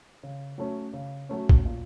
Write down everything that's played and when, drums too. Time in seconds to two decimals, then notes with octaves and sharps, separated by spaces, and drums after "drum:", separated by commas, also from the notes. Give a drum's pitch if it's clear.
0.23 C#3
0.58 F#3 A3 C#4
0.93 C#3
1.29 F#3 A3 C#4
1.49 drum: kick
1.65 A#2